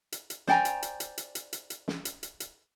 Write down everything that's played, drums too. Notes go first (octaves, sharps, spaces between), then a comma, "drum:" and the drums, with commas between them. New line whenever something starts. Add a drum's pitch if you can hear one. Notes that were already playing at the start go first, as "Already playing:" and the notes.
drum: hi-hat
drum: hi-hat
C5 D5 G5 G#5 A#5, drum: snare
drum: hi-hat
drum: hi-hat
drum: hi-hat
drum: hi-hat
drum: hi-hat
drum: hi-hat
drum: hi-hat
drum: snare
drum: hi-hat
drum: hi-hat
drum: hi-hat